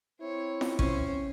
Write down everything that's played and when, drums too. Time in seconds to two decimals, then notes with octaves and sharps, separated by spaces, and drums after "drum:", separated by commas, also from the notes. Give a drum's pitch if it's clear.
0.20 C4 E4 C#5
0.61 drum: snare F4
0.79 C#4 C5 C#5, drum: kick